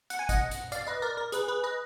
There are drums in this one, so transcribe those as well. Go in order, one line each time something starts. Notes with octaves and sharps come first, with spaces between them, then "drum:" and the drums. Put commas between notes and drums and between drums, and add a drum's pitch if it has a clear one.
F#5, drum: hi-hat
G#5
D#5 F#5, drum: kick, hi-hat
drum: hi-hat
D5 F5, drum: hi-hat
B4 D#5
A#4 D5
A#4
G#4 B4, drum: hi-hat
G#4 B4
B4 D#5